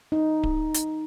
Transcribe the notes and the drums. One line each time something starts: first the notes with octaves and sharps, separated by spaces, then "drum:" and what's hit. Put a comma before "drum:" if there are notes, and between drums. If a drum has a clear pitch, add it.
D#4
drum: kick D1
drum: hi-hat